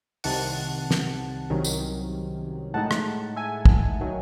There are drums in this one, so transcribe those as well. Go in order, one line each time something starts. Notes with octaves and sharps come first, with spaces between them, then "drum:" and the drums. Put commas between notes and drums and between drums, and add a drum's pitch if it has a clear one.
C2 C3 D#3 F#5 A5, drum: open hi-hat
drum: snare
C2 C3 D#3 F#3 C#4
drum: tambourine
A2 G#3 D#4 F#5 A5
drum: rim click
E5 G#5
drum: kick
D#3 F#3